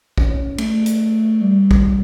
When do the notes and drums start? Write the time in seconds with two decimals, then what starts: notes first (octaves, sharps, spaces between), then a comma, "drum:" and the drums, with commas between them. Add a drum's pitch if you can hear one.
0.18 C#4, drum: kick
0.58 A3, drum: cymbal
0.86 drum: hi-hat
1.41 G3
1.71 drum: kick